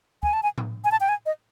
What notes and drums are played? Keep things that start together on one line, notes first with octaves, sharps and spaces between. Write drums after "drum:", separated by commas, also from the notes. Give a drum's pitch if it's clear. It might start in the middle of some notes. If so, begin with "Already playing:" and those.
G#5, drum: kick
A5
G#5
drum: tom A2
G#5
A5
G5
G#5
D#5